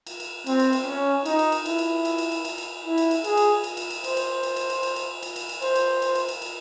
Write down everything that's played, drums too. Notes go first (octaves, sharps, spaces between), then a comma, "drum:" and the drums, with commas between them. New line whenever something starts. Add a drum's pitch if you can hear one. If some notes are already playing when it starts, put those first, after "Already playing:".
drum: cymbal
drum: cymbal
C4, drum: cymbal
drum: cymbal
drum: cymbal
C#4
D#4, drum: cymbal
drum: cymbal
drum: cymbal
E4, drum: cymbal
drum: cymbal
drum: cymbal
drum: cymbal
drum: cymbal
drum: cymbal
drum: cymbal
E4
drum: cymbal
drum: cymbal
G#4, drum: cymbal
drum: cymbal
drum: cymbal
drum: cymbal
drum: cymbal
C5, drum: cymbal
drum: cymbal
drum: cymbal
drum: cymbal
drum: cymbal
drum: cymbal
drum: cymbal
drum: cymbal
drum: cymbal
drum: cymbal
C5, drum: cymbal
drum: cymbal
drum: cymbal
drum: cymbal
drum: cymbal
drum: cymbal